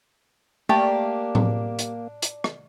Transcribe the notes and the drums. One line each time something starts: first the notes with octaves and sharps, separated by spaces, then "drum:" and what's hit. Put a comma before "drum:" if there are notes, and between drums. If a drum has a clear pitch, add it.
A3 A#3 D4 G4
drum: tom A2
drum: hi-hat
drum: hi-hat
drum: rim click